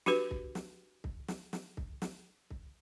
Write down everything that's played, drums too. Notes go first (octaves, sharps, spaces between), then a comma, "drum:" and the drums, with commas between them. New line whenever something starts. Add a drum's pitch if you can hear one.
D4 F#4 G4 B4, drum: snare
drum: kick C2
drum: snare
drum: kick C2
drum: snare
drum: snare
drum: kick C2
drum: snare
drum: kick C2